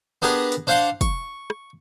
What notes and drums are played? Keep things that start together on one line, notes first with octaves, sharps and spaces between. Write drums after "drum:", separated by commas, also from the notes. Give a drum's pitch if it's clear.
B3 D4 G4 G#4 A#4 B4
drum: hi-hat
D4 C5 F5 F#5 C6
C#6, drum: kick, hi-hat
drum: rim click